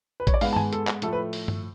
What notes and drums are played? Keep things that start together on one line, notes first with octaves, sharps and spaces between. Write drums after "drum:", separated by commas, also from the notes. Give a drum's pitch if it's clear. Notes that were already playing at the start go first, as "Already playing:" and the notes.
B4
C#5, drum: kick A1, hi-hat
D5
G#2 G#3 B3 F5, drum: open hi-hat
A5
G#5, drum: tom G2
A4, drum: hi-hat
drum: clap
A2 F3 A3 A4, drum: hi-hat
B4
drum: open hi-hat
drum: tom G2